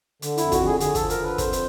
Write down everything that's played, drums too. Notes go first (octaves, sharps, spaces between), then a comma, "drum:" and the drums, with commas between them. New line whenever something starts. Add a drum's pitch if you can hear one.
D3, drum: hi-hat
F2 E4, drum: hi-hat
F#4, drum: kick, hi-hat
D3 G#4
D3 G#4, drum: hi-hat
F3 A4, drum: kick, hi-hat
A#4, drum: hi-hat
D3 B4
F2 C5, drum: kick, hi-hat
drum: hi-hat